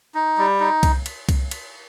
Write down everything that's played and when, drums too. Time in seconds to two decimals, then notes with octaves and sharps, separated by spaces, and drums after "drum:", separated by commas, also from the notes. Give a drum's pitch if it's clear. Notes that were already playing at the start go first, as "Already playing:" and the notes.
0.15 D#4
0.38 G3
0.60 D#4
0.83 drum: kick C2, cymbal
1.06 drum: cymbal
1.29 drum: kick C2, cymbal
1.51 drum: cymbal